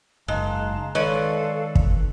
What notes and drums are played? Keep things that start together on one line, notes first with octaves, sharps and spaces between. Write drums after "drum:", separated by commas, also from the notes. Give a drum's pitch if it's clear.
F#1 G#2 G#3 F5 A5 A#5
D#3 G#3 A4 B4 C#5 D5 F5
drum: kick